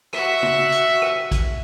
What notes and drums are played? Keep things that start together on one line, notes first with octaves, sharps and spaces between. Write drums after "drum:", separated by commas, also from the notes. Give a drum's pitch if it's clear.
F#4 E5, drum: rim click
drum: tom
drum: hi-hat
drum: rim click
drum: kick, hi-hat